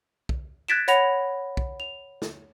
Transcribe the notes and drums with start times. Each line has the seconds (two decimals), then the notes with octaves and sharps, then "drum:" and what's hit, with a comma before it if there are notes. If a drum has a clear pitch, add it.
0.29 drum: kick
0.68 F#6 G#6 A6 B6 D7 E7
0.88 C#5 F#5 B5 A#6 F7, drum: hi-hat
1.57 drum: kick
1.80 F7
2.22 drum: snare